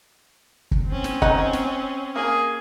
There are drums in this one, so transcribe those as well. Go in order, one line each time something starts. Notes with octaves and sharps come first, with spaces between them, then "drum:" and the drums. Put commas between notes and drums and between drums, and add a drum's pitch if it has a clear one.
drum: kick
C4 C#4
drum: snare
D#4 F#5, drum: kick
drum: snare
A#3 G#4 G#5